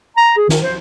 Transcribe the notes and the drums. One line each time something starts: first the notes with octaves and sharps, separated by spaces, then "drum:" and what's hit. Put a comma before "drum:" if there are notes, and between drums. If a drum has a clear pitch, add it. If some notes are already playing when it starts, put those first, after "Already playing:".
A#5
G#4
D#3, drum: snare
C5